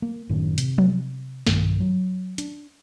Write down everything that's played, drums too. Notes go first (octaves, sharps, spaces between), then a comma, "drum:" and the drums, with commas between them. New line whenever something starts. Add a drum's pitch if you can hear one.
A#3
F#1 A2 D#3 C#4
C3, drum: hi-hat
drum: tom F3
B1 G2 D#3, drum: snare
F#3
D4, drum: hi-hat